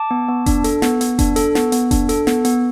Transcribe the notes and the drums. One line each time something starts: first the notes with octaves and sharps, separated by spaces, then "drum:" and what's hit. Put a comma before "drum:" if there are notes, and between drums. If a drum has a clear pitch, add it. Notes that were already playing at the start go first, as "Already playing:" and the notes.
Already playing: A5 D6
B3
B3
D4, drum: kick F1, hi-hat
A4, drum: hi-hat
B3, drum: snare
B3, drum: hi-hat
D4, drum: kick F1, hi-hat
A4, drum: hi-hat
B3, drum: snare
B3, drum: hi-hat
D4, drum: kick F1, hi-hat
A4, drum: hi-hat
B3, drum: snare
B3, drum: hi-hat